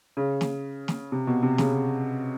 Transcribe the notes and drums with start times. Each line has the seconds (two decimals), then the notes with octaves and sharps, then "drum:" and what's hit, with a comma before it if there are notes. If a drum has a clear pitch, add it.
0.17 C#3
0.41 drum: snare
0.88 drum: snare
1.12 C3
1.27 B2
1.43 C3
1.58 C#3, drum: snare